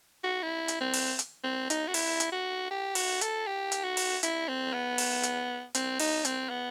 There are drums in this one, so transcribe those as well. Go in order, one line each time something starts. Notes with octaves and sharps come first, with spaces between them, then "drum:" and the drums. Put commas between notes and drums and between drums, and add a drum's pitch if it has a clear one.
F#4
E4
drum: hi-hat
C4
drum: open hi-hat
drum: hi-hat
C4
D#4, drum: hi-hat
F#4
E4, drum: open hi-hat
drum: hi-hat
F#4
G4
F#4, drum: open hi-hat
A4, drum: hi-hat
G4
drum: hi-hat
F#4
drum: open hi-hat
E4, drum: hi-hat
C4
B3
drum: open hi-hat
drum: hi-hat
C4, drum: hi-hat
D#4, drum: open hi-hat
C4, drum: hi-hat
B3